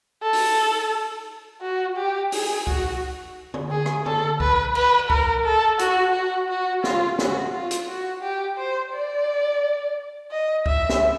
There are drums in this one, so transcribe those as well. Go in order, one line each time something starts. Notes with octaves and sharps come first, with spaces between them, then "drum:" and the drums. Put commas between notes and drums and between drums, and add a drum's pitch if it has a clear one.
A4
drum: open hi-hat
F#4
G4
G#4, drum: open hi-hat
F#4, drum: kick C#2
drum: tom
G#4
drum: rim click
A4, drum: tom
B4, drum: kick C#2
B4, drum: cymbal
A#4, drum: kick C#2
A4
F#4, drum: hi-hat
F#4
F#4
F4, drum: snare
F#4, drum: snare
F4
drum: hi-hat
F#4
G4
C5
D5
D#5
E5, drum: kick C#2
drum: snare